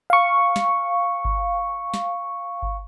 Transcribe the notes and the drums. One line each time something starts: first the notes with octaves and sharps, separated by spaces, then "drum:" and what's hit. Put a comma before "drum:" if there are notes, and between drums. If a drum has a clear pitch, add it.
F5 C#6
drum: snare
drum: kick G1
drum: snare
drum: kick G1